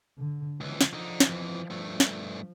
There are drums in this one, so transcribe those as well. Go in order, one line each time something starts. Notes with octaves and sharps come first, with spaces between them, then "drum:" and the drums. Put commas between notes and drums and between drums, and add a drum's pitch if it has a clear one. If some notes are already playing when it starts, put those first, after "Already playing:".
D3
C#2 E3 F3
drum: snare
D3 D#4
drum: snare
F2 E3
G2 A3
drum: snare